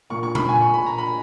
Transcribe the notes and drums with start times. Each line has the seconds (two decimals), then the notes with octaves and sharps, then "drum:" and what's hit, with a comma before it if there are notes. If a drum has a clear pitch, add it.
0.10 A#2 A#3 C#6
0.23 C#6
0.35 B5, drum: tom A#2
0.49 G#5
0.61 C#6
0.74 B5
0.86 A#5
0.98 B5